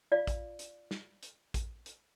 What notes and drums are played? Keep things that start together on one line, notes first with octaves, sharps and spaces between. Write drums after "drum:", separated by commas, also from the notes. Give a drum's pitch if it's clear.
F4 D5 F5
drum: kick A1, hi-hat
drum: hi-hat
drum: snare
drum: hi-hat
drum: kick A1, hi-hat
drum: hi-hat